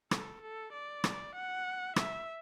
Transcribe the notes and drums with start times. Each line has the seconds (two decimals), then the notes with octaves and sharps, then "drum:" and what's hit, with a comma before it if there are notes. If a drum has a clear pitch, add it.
0.11 A4, drum: rim click
0.41 A4
0.73 D5
1.04 drum: rim click
1.35 F#5
1.96 E5, drum: rim click